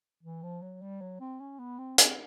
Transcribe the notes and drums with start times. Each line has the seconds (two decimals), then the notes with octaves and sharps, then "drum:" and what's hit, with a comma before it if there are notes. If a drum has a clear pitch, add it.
0.23 E3
0.43 F3
0.62 F#3
0.82 G3
1.01 F#3
1.21 C4
1.40 C#4
1.59 B3
1.79 C4
1.98 C4, drum: hi-hat